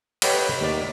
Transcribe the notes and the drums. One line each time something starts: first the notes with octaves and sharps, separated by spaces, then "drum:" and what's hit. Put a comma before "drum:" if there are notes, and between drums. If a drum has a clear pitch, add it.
G4 A4 B4 C#5 D#5 F#5, drum: cymbal
D#2 D5